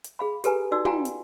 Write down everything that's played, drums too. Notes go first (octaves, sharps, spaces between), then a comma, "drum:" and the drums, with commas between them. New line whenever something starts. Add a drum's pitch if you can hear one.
drum: hi-hat
G#4 F5 B5
G4 A4 B4 G#5 A#5, drum: hi-hat
D#4 F#4 D5 E6
F4 F#4 F5 G5 G#5 A#5, drum: tom
drum: hi-hat